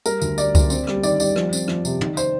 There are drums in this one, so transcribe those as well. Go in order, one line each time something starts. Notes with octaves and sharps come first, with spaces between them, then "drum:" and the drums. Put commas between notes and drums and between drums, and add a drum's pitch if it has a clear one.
G3 A#4, drum: tambourine
D2, drum: tambourine
G3 D5, drum: tambourine
D2, drum: kick C#2, tambourine
C4, drum: tambourine
G3, drum: rim click
D#3 D5, drum: tambourine
G3 D5, drum: tambourine
F3, drum: rim click
C4, drum: tambourine
F3, drum: rim click
C3, drum: tambourine
D#3, drum: tom
C5, drum: tambourine